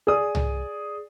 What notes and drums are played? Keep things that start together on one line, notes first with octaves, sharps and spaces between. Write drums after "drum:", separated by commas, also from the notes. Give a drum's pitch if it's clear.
G#4 D5 D#6
drum: tom C2